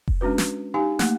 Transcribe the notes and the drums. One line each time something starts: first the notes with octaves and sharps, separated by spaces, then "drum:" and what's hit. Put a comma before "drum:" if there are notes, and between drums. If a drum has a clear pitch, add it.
drum: kick F1
G#3 C#4 D4 F#4 B4
drum: snare
D#4 G4 F5 G#5
A3 A#3, drum: snare